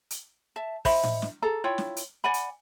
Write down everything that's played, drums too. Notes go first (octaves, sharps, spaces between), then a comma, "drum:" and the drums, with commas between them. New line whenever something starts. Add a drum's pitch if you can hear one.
drum: hi-hat
E5 A5
C5 D#5 E5 B5, drum: kick, open hi-hat
drum: tom A2
drum: snare
G#4 A4 A#5
E4 F4 C#5 G5
drum: snare
drum: hi-hat
D5 F#5 G#5 B5
drum: hi-hat